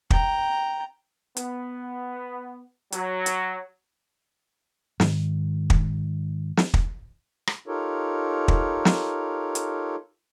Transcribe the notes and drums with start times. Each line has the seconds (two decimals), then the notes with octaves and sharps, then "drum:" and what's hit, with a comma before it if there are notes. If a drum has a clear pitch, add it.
0.10 G5 A#5, drum: kick
1.37 B3, drum: hi-hat
2.92 F#3, drum: hi-hat
3.26 drum: hi-hat
5.00 G#2 D#3, drum: snare
5.70 drum: kick
6.57 drum: snare
6.74 drum: kick
7.47 drum: rim click
7.66 D#4 F4 G4 A4 A#4 C#5
8.48 drum: kick
8.85 drum: snare
9.55 drum: hi-hat